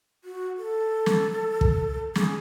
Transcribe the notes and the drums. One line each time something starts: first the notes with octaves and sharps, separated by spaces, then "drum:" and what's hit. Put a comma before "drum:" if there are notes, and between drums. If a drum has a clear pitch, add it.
F#4
A4
drum: snare
drum: kick
G#4, drum: snare